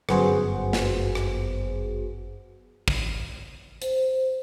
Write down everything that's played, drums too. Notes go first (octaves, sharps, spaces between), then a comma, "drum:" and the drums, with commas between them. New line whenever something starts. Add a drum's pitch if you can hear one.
G1 F#2 B3 F#4 G#4 C5, drum: rim click
drum: snare
drum: rim click
drum: kick
C5, drum: hi-hat